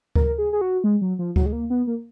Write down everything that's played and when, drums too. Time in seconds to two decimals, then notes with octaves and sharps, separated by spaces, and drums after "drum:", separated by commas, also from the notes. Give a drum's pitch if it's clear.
0.15 A#4, drum: kick D2
0.38 G#4
0.53 G#4
0.61 F#4
0.84 G#3
1.02 F#3
1.19 F3
1.36 F#3, drum: kick D2
1.46 G#3
1.52 A#3
1.70 B3
1.87 A#3